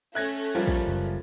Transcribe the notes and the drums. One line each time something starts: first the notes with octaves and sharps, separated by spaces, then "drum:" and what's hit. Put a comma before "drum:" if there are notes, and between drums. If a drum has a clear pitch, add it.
A3 C#4 E5 F#6 G#6 A#6
F3 G3 A#3
drum: kick
F#1